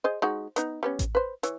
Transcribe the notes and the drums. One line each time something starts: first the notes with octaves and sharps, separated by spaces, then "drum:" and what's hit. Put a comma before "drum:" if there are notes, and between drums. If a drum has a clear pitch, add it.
G#4 C5 D#5
G#3 D#4 F#4
B3 D#4, drum: hi-hat
G3 B3 C#4
drum: kick A1, hi-hat
B4 C5
E3 C#5, drum: hi-hat